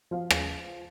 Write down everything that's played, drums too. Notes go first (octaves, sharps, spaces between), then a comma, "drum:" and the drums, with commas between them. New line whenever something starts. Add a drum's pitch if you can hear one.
F3 F5
drum: rim click